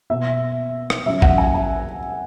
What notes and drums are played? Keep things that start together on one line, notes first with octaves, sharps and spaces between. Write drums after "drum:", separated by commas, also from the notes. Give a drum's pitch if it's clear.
B2 B3 E5
drum: rim click
C#3 F#3 C#4 E5
F#5, drum: kick A1
G#5
G#5